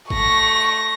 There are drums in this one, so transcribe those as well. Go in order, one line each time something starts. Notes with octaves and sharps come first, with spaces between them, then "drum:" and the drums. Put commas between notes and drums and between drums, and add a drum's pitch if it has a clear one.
A3 C#6 A#6, drum: kick G1